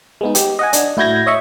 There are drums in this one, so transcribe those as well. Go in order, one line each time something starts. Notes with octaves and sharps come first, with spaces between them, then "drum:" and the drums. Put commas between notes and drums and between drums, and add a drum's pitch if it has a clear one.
G#3 B3 D#4
G4, drum: hi-hat
D#5 F#5 G#5
D4, drum: hi-hat
A2 E4 F#4 G6 G#6 A#6
C#5 D#5 E5 C#6